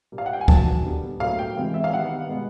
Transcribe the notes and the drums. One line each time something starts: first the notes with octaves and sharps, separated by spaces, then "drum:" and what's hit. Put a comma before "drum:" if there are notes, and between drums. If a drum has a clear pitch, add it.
A#2 G3 A#3
F5
F#5
G5
G#5
D#3 F#3 A#3 A5, drum: kick C#2
D3 G3 B3
A2 F#3 A#3 F5
G5
C3 E3 G#3 B3
E5
F5
D#3 G3 B3 F#5
B2 G#3 B3